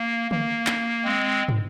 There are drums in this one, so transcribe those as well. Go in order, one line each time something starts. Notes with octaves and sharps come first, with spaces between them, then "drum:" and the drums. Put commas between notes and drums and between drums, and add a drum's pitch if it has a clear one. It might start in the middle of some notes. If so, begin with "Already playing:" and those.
Already playing: A#3
A#3, drum: tom D3
drum: clap
G#3 C4
drum: tom